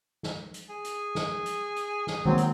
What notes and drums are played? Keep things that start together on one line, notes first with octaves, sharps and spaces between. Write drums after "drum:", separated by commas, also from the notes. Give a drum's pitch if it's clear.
drum: snare
drum: hi-hat
G#4
drum: hi-hat
drum: snare
drum: hi-hat
drum: hi-hat
drum: snare
D#3 F#3 G#3 A#3 C4
drum: hi-hat